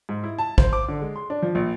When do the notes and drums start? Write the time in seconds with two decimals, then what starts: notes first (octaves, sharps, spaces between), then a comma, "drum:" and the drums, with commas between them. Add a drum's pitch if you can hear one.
0.09 G#2
0.24 E4
0.39 A5
0.58 C5, drum: kick
0.73 D6
0.89 D3
1.02 G#3
1.16 C6
1.30 D4
1.42 F3
1.55 A#1